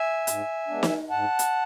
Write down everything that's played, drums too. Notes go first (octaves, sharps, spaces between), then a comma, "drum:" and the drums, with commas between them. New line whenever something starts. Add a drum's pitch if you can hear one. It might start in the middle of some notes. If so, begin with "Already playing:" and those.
Already playing: E5 G#5
G#2, drum: hi-hat
G#3 B3 D4
drum: snare
G#2 F#5 A5
drum: hi-hat